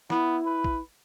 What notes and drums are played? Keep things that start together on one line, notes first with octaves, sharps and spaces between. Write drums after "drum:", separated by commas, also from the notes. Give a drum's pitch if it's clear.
B3 E4, drum: snare
B4
drum: kick